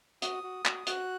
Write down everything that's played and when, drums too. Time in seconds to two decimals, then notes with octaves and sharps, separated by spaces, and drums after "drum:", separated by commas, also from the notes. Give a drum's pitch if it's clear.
0.22 F#4 D#6, drum: hi-hat
0.43 F#4
0.66 F#4, drum: clap
0.87 F#4 F#6, drum: hi-hat